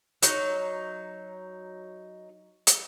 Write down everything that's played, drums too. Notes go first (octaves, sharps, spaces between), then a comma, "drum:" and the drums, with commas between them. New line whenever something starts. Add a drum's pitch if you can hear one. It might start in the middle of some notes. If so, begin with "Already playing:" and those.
F#3 D#4, drum: hi-hat
drum: hi-hat